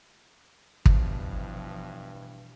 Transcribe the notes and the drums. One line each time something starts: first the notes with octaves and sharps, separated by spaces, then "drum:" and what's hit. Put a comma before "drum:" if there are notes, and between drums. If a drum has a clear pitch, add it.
G2 B2 E3 F3, drum: kick